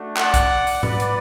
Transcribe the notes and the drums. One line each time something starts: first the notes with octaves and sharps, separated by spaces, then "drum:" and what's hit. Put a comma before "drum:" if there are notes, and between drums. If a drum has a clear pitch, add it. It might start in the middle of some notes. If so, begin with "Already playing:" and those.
Already playing: A3 D4 F#4
D5 F#5, drum: clap
drum: kick B1, hi-hat
drum: open hi-hat
B4 D5, drum: tom G#2
drum: hi-hat